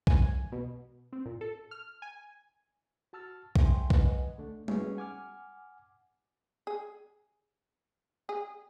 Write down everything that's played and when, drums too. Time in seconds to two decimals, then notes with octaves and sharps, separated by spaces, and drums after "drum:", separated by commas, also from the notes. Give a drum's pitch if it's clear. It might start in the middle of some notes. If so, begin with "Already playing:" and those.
0.07 G#5, drum: kick B1
0.52 B2
1.13 C4
1.26 A#2
1.41 A4
1.71 F6
2.02 G#5
3.13 F#4 A5 E6 F6 A6
3.56 E5 G5 G#5 C6, drum: kick B1
3.90 B4 D#5 F#5 G#5, drum: kick B1
4.38 D3 A3 D4
4.68 B3 C#4 F#4 G#4 B4 C#5, drum: tom G3
4.97 F#5 G#5 D6 F6
6.67 G#4
8.29 G#4